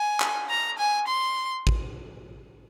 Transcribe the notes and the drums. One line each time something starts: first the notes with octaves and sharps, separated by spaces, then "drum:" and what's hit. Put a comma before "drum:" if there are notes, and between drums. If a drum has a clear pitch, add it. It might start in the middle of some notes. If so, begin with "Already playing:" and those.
Already playing: G#5
drum: clap
A#5
G#5
C6
drum: kick